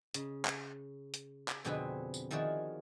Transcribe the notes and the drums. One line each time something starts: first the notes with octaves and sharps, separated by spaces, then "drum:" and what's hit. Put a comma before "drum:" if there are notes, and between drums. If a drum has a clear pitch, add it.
C#3, drum: hi-hat
drum: clap
drum: hi-hat
drum: clap
F2 B2 D3 C4 G#4 B4
drum: tambourine
D#3 F3 E4 F#4 G#4 D5